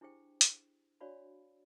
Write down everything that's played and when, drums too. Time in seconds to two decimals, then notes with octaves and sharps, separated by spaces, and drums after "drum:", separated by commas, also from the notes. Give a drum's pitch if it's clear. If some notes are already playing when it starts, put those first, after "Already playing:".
0.01 D4 E4 G4 G#4 C5 G5
0.41 drum: hi-hat
1.01 D4 F#4 C#5 D5 F5 B5